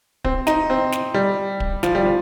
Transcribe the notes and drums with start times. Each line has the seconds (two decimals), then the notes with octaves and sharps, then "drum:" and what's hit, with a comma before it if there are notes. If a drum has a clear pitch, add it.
0.24 C4, drum: kick
0.47 D#4, drum: snare
0.70 C4
0.92 drum: snare
1.14 G3
1.60 drum: kick
1.83 F3, drum: snare
1.95 G3
2.05 F3